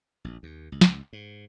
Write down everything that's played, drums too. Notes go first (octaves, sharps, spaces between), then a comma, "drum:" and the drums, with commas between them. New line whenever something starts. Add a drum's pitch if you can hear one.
A#1
D#2
C#2
drum: snare
G#2